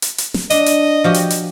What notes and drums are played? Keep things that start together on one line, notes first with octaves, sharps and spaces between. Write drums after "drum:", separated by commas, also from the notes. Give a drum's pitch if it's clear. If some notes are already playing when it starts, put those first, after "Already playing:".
drum: hi-hat
drum: hi-hat
drum: snare
D4 D#5, drum: hi-hat
drum: hi-hat
F3 F#4 G4
drum: hi-hat
drum: hi-hat